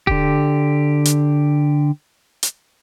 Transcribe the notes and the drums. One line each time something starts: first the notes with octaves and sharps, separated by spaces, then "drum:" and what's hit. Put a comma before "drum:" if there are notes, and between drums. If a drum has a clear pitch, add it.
D3 G4, drum: kick D#1
drum: hi-hat
drum: hi-hat